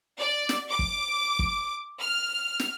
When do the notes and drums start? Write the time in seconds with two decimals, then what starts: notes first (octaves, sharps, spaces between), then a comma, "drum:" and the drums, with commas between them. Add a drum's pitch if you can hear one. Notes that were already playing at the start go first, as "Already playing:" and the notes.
0.19 D5
0.49 drum: snare
0.70 D6
0.79 drum: kick
1.39 drum: kick
2.01 F6
2.59 drum: snare